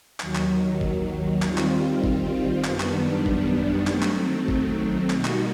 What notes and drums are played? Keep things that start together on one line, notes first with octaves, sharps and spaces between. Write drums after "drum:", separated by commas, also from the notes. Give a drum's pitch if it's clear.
D#2 D#3 F#3, drum: clap
drum: clap
drum: kick G#1
D#3 G3 C4 F4, drum: clap
drum: clap
drum: kick G#1
F#2 D#3 G3 B3 D4, drum: clap
drum: clap
drum: kick G#1
D#3 F#3 A3 C4, drum: clap
drum: clap
drum: kick G#1
B2 G3 A#3 D#4 F#4, drum: clap
drum: clap